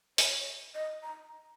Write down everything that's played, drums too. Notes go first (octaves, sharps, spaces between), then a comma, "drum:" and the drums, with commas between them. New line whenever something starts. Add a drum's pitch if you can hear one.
C#5, drum: open hi-hat
D#5
A#5